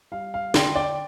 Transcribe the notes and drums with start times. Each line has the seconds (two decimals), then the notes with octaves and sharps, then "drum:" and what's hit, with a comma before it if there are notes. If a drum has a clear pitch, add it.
0.12 G3 F5
0.34 F5
0.54 D3 G5 C6, drum: snare
0.75 D5 G5